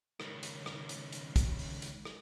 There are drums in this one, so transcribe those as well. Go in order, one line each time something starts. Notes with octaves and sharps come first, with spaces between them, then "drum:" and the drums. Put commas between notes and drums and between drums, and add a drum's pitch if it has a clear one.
C#2 D#3, drum: rim click
drum: hi-hat
drum: rim click
drum: hi-hat
drum: hi-hat
drum: kick, hi-hat
drum: open hi-hat
drum: hi-hat
drum: rim click